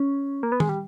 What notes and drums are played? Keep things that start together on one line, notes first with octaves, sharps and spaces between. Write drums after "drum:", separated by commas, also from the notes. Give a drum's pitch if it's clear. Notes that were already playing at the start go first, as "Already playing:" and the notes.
Already playing: C#4
A#3
B3
G#3, drum: tom D#3
G3